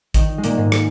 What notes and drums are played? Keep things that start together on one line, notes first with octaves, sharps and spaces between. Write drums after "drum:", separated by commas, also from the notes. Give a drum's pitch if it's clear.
D#3 D#4, drum: kick, hi-hat
G#3
A#2 A#3, drum: hi-hat
G#2 G#3
drum: rim click